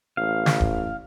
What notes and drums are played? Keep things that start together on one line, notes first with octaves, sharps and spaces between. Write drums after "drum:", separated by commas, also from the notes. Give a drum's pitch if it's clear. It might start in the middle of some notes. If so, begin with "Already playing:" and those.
A1 F5
drum: snare
drum: kick